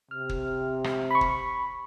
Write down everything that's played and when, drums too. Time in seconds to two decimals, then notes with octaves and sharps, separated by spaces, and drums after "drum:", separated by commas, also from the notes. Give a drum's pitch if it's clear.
0.11 C3 F6
0.29 drum: kick
0.84 drum: rim click
1.11 B5 C#6
1.21 drum: kick